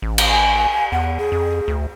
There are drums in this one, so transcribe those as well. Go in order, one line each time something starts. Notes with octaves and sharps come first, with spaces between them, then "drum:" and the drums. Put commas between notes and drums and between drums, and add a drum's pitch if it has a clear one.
A1
drum: cymbal
G#5
E2 F#5
G#4
F2
D2